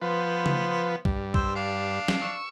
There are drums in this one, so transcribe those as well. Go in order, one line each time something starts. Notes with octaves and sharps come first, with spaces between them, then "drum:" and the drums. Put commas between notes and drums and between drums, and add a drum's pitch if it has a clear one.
F3 B3 B4 C5
drum: tom C#3
G2, drum: kick B1
C5 E6, drum: kick B1
D4 F5
drum: snare
C#6 E6